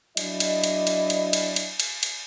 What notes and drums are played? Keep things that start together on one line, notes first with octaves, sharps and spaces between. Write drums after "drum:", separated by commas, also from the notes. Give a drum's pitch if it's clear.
F#3 D4 E4 D5 D#5, drum: cymbal
drum: cymbal
drum: cymbal
drum: cymbal
drum: cymbal
drum: cymbal
drum: cymbal
drum: cymbal
drum: cymbal